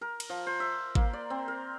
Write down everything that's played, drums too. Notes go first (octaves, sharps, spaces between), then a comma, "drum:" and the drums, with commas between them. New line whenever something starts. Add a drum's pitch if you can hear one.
A#4
drum: cymbal
F3
C5
E5
A#3, drum: kick G#1
D5
C4
A#4